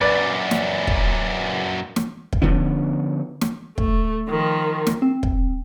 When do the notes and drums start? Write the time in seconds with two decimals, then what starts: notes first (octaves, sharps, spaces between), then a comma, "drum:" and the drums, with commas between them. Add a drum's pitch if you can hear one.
0.01 F#2 A#2 B4 D5
0.51 drum: snare
0.87 drum: kick
1.96 drum: snare
2.32 drum: kick
2.42 D3 F3 B3 C#4
3.41 drum: snare
3.78 A3, drum: kick
4.29 D#3 F3
4.87 drum: snare
5.02 C4
5.23 drum: kick